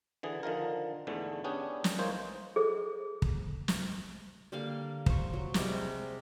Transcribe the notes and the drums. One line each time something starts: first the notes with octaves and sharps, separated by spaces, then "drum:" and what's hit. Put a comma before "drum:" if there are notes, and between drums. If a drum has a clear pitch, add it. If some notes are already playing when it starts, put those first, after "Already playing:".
D3 E3 G#4
D3 D#3 F3 A#4
E2 G#2 D3 E3 A3
B3 C#4 D4 G4 G#4
drum: snare
E3 A#3 D#4 C5 C#5
G#4 A4 C5
drum: kick
drum: snare
D3 G3 A#3 F5
C5 C#6, drum: kick
F#3
C3 G3 G#3 D6, drum: snare